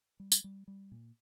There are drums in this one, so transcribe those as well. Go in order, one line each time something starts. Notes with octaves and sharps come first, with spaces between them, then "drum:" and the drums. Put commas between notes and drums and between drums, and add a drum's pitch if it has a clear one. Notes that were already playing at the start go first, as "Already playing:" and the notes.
G3
drum: tambourine
G3
G3
A#2